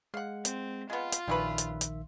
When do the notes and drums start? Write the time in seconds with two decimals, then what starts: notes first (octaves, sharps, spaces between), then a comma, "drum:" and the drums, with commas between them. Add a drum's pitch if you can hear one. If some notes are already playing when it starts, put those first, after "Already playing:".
0.14 G#3 F5 F#5
0.45 C4, drum: hi-hat
0.90 G#3 B3 F4
1.13 drum: hi-hat
1.28 A#1 D#3 G3 C#4 B4 E5
1.58 drum: hi-hat
1.81 drum: hi-hat